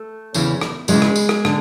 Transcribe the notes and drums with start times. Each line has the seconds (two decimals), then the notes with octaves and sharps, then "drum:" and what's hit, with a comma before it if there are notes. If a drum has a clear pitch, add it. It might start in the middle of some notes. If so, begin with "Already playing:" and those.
Already playing: A3
0.34 E2 C#3 E3, drum: tambourine
0.61 drum: rim click
0.88 E2 C#3 E3 G#3, drum: tambourine
1.02 drum: rim click
1.16 drum: tambourine
1.29 drum: rim click
1.45 D3, drum: rim click